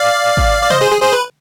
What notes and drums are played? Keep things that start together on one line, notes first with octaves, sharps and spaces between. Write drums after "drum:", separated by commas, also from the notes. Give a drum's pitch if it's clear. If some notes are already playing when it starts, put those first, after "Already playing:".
Already playing: D5 F5
drum: kick G#1
D5
C5 D#5, drum: tom C3
G#4 C5
G#4
G#4 C5
B4